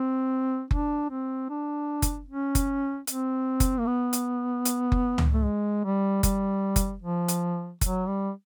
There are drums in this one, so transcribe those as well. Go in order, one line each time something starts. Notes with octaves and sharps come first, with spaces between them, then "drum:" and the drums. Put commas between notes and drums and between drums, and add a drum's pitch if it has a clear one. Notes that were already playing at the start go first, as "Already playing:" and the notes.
Already playing: C4
D4, drum: kick F#1
C4
D4
drum: kick F#1, hi-hat
C#4
drum: kick F#1, hi-hat
C4, drum: hi-hat
drum: kick F#1, hi-hat
A#3
B3
drum: hi-hat
drum: hi-hat
drum: kick F#1
drum: tom C#2
A3
G#3
G3
G3, drum: kick F#1, hi-hat
drum: kick F#1, hi-hat
F3
drum: hi-hat
F#3, drum: kick F#1, hi-hat
G3